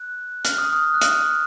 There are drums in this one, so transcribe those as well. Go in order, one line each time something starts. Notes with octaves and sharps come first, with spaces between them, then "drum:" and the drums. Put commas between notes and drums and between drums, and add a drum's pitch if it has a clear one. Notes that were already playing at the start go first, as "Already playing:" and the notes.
Already playing: F#6
F6, drum: hi-hat
D#6
D#6
F#6
F6, drum: hi-hat